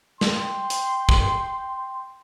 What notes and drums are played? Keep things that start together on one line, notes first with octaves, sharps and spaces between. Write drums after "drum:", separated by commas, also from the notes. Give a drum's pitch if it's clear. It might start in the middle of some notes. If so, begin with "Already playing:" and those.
G5 C6, drum: snare
drum: hi-hat
drum: kick